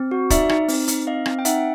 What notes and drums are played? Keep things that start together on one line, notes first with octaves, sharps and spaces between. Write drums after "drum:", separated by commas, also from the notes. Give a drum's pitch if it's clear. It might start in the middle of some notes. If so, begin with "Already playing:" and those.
Already playing: C4
F#4
D#4 D5 E5, drum: kick, hi-hat
D#4, drum: rim click
C4, drum: open hi-hat
D#4, drum: hi-hat
C4 D#5 F5
C4, drum: rim click
G5
D#4 E5 F#5, drum: hi-hat